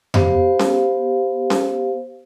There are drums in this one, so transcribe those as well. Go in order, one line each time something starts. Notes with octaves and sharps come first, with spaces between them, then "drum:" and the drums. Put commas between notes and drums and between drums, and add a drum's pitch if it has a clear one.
B3 G4 C5 F5, drum: tom F2
drum: snare C#4
drum: snare C#4